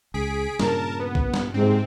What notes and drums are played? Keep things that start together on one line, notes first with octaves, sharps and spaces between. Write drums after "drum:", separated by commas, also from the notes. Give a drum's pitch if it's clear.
C#2 G#4 B6 D7
G2 A#2 C#3 A#4 A5, drum: snare
B3
drum: kick A#1
drum: snare
G#2 C3 C4